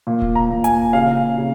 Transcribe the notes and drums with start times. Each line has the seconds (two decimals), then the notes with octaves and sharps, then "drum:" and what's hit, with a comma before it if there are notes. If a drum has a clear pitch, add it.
0.07 A#2
0.22 drum: kick D1
0.35 A#5
0.50 A#2
0.64 G#5, drum: hi-hat
0.93 C#3 F5
1.38 C#3